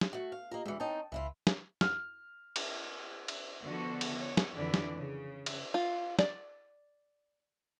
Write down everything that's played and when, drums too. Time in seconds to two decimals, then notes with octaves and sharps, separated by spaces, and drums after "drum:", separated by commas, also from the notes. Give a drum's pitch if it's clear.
0.01 drum: snare
0.13 A3 F#4
0.32 F5
0.51 A#3 F4 G4 A#4 D#5
0.66 D2 E3 G#3 F#4 C#7
0.80 C4 C#4 D#4 D#5 G5 A5
1.12 C#2 E3 E4 F4
1.47 drum: snare
1.81 F6, drum: snare
2.56 drum: cymbal
3.28 drum: cymbal
3.65 D3 F3 B3 F#4 A4
4.01 drum: cymbal
4.17 C#5
4.37 drum: snare
4.55 F2 D3 E3 D5
4.74 drum: snare
4.96 C#3
5.46 drum: cymbal
5.74 F4
6.19 D5, drum: snare